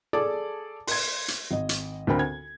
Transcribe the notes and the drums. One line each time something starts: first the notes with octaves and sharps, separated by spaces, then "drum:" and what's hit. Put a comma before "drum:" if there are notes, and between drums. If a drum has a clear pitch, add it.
G#4 A4 D5 A5 D6
C6 G#6, drum: open hi-hat
drum: hi-hat
G#1 D#5
drum: hi-hat
D2 D3 C4 A#4 B5
G#6